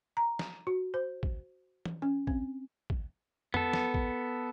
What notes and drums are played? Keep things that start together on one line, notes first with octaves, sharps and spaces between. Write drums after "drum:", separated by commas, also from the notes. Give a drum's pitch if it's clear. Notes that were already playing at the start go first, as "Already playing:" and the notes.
A#5
drum: snare
F#4
C5
drum: kick
drum: tom
C#4
C4, drum: kick
drum: kick
B3 A4, drum: tom F2
drum: snare
drum: kick